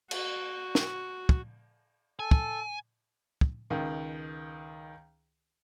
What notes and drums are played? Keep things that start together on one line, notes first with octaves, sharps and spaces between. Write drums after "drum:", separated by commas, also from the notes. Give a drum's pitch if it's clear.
F#4, drum: cymbal
drum: snare
drum: kick
A4 G#5
drum: kick
drum: kick
C#2 D#3